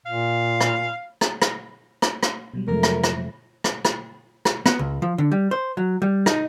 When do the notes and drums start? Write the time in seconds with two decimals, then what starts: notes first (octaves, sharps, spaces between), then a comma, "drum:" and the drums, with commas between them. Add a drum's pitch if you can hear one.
0.06 A#2 F5
0.61 drum: rim click
1.21 drum: rim click
1.42 drum: rim click
2.02 drum: rim click
2.23 drum: rim click
2.54 B2 F#3 G3
2.68 F2 C3 F3 F#3 G#3 A3 A#4
2.83 drum: rim click
3.04 drum: rim click
3.64 drum: rim click
3.85 drum: rim click
4.45 drum: rim click
4.66 B3, drum: rim click
4.79 C#2
5.02 F3
5.18 D3
5.32 G3
5.51 C5
5.77 F#3
6.02 G3
6.26 D#4, drum: rim click